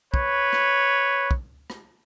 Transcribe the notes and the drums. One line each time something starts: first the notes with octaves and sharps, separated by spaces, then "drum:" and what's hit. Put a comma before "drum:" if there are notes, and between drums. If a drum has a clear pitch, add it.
B4 C#5, drum: kick
drum: rim click
drum: kick
drum: rim click